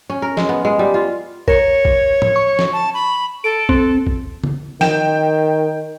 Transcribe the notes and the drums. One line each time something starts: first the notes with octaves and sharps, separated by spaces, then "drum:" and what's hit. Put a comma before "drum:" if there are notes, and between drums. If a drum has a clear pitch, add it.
C#4
A#4
G#3, drum: snare
B3
G#3
G3
F4
A#4 C#5, drum: kick A#1
drum: kick A#1
drum: tom
C#6
drum: snare
A5
B5
A4 D7
C4, drum: kick A#1
drum: kick A#1
drum: tom
D#3 G5 E7, drum: snare